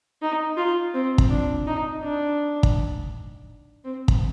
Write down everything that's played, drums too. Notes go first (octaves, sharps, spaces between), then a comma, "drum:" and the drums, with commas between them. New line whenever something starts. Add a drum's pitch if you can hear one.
D#4
F4
C4
drum: kick
D4
D#4
D4
drum: kick
C4
drum: kick